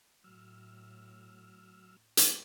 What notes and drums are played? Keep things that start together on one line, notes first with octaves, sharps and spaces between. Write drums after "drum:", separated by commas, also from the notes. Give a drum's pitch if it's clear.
A2 F#3 E6 F6
drum: hi-hat